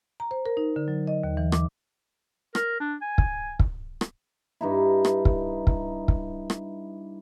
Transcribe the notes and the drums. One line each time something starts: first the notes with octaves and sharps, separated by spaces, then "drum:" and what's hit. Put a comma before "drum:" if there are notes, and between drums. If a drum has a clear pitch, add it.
A#5
C5
A#4
D#4
D3
F#3
D#5
D#2
E3
D6, drum: rim click
A#4, drum: rim click
D4
G#5
drum: kick
drum: kick
drum: rim click
G2 D#4 E4
drum: rim click
drum: kick
drum: kick
drum: kick
drum: rim click